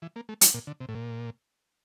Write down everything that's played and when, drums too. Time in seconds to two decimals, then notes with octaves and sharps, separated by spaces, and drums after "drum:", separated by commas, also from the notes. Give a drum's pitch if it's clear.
0.02 E3
0.16 A#3
0.29 A3
0.41 G3, drum: hi-hat
0.54 A#2
0.67 D3
0.81 C3
0.89 A2
0.95 A#2